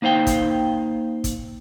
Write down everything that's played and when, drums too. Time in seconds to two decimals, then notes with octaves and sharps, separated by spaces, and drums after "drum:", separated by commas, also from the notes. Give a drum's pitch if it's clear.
0.02 A#3 D#4 C5 F5 G5
0.27 drum: kick, hi-hat
1.24 drum: kick, hi-hat